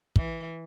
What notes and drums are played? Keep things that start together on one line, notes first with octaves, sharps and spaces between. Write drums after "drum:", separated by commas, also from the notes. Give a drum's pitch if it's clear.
E3, drum: kick